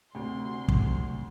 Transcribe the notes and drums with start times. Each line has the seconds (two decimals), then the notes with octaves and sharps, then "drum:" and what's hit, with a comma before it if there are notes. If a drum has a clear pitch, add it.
0.15 D2 C3 C6
0.68 drum: kick